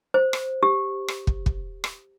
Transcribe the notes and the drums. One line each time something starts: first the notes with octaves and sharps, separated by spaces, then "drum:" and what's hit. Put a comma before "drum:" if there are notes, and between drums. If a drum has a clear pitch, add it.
C5
drum: rim click
G4
drum: rim click
drum: kick
drum: kick
drum: rim click